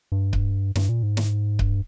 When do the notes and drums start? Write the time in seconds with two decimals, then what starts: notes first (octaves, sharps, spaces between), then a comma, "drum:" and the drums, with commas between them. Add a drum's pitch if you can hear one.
0.12 G2
0.33 drum: kick C#1
0.75 G2, drum: snare
0.89 A#2
1.03 G#2
1.17 drum: snare
1.59 G2, drum: kick C#1